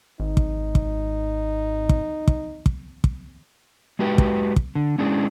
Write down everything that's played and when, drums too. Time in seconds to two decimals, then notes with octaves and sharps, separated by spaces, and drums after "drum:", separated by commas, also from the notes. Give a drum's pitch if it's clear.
0.20 G#1 D#4
0.37 drum: kick
0.75 drum: kick
1.89 drum: kick
2.28 drum: kick
2.66 drum: kick
3.04 drum: kick
3.99 G#3 F#4 G4 B4
4.18 drum: kick
4.56 drum: kick
4.75 D3
4.98 G#3 C#4 D4 E4 G#4